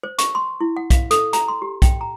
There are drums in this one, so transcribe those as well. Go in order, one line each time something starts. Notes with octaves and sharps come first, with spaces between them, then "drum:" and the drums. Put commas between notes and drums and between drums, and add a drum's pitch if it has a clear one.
C5
C#6, drum: hi-hat
C6
E4
F#5
F5, drum: kick, hi-hat
A4, drum: hi-hat
A#5, drum: hi-hat
C6
G4
G5, drum: kick, hi-hat
A#5